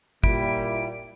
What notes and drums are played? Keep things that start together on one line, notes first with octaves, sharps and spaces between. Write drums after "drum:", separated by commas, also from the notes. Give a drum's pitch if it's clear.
A#2 G3 E4 D7, drum: kick